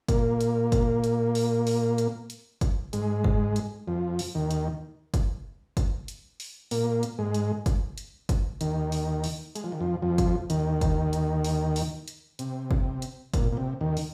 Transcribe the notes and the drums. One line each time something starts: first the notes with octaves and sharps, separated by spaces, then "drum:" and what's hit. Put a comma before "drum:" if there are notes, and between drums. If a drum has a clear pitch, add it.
A#2 A#3, drum: kick F#1, hi-hat
drum: hi-hat
drum: kick F#1, hi-hat
drum: hi-hat
drum: open hi-hat
drum: open hi-hat
drum: hi-hat
drum: hi-hat
drum: kick F#1, hi-hat
G#2 G#3, drum: hi-hat
drum: kick F#1
drum: hi-hat
F2 F3
drum: open hi-hat
D#2 D#3
drum: hi-hat
drum: kick F#1, hi-hat
drum: kick F#1, hi-hat
drum: hi-hat
drum: open hi-hat
A#2 A#3, drum: open hi-hat
drum: hi-hat
G#2 G#3
drum: hi-hat
drum: kick F#1, hi-hat
drum: hi-hat
drum: kick F#1, hi-hat
D#2 D#3, drum: hi-hat
drum: open hi-hat
drum: open hi-hat
G#3, drum: hi-hat
F3
D#3
F2 F3
F2 F3
drum: kick F#1, hi-hat
D#2 D#3, drum: hi-hat
drum: kick F#1, hi-hat
drum: hi-hat
drum: open hi-hat
drum: open hi-hat
drum: hi-hat
C3, drum: hi-hat
drum: kick F#1
drum: hi-hat
A#2, drum: kick F#1, hi-hat
A#2
C3
D#2 D#3
drum: open hi-hat